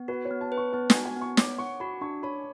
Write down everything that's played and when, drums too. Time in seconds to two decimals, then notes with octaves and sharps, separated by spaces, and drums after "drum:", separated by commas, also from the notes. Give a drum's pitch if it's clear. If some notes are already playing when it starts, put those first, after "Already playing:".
Already playing: B3
0.08 F#4 B4
0.25 C#5
0.31 B3
0.41 A5
0.52 B4
0.57 C#6
0.73 B3 A5
0.90 G#5, drum: snare
0.95 F#4
1.05 G#5
1.16 B3
1.21 C#6
1.37 C#5 D6, drum: snare
1.58 F#5 C#6
1.80 F#4 B5
2.01 D4 C#6
2.23 C#5 B5